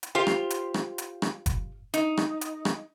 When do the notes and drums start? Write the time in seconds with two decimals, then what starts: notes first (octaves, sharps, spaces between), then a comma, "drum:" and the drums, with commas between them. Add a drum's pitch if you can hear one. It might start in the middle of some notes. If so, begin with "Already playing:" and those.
0.03 drum: hi-hat
0.15 F4 G4 C5 F5
0.27 drum: rim click
0.50 drum: hi-hat
0.74 drum: rim click
0.98 drum: hi-hat
1.22 drum: rim click
1.46 drum: kick F#1, hi-hat
1.94 D#4, drum: hi-hat
2.17 drum: rim click
2.41 drum: hi-hat
2.65 drum: rim click